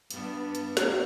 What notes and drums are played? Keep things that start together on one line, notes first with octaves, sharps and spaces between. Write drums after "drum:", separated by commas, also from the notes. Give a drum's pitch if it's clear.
G2 B3 D4, drum: hi-hat
drum: hi-hat
drum: snare